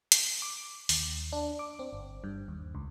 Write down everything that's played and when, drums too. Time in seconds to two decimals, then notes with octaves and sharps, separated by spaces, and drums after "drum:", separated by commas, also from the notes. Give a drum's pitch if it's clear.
0.12 drum: hi-hat
0.42 D6
0.89 D#2, drum: open hi-hat
1.33 D4
1.59 D6
1.79 C4
1.93 G1
2.24 G2
2.48 D#2
2.75 C#2